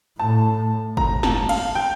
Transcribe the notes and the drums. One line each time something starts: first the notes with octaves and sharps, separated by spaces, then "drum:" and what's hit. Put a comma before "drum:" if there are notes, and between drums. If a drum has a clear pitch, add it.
A2 A5
A#5, drum: kick
A5, drum: snare
F5, drum: cymbal
G5